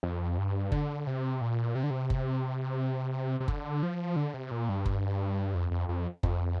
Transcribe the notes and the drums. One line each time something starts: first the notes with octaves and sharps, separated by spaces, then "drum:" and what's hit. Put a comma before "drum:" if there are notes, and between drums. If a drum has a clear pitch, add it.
F2
G2
D3, drum: kick F#1
C3
A#2
C3
D3
C3
drum: kick F#1
C3
D3, drum: kick F#1
F3
D3
C3
A#2
G2
drum: kick F#1
F2
F2
F2
F2, drum: kick F#1